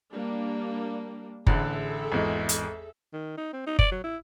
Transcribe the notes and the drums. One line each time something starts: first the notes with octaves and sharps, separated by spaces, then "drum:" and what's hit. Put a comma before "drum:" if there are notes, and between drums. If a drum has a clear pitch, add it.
G3 A#3 D4
A1 D3 G#4 A4 E5 F#6, drum: kick F#1
G#1 E2 G#3
drum: hi-hat
D#3
D#4
C4
D#4
D5, drum: kick F#1
F#3
E4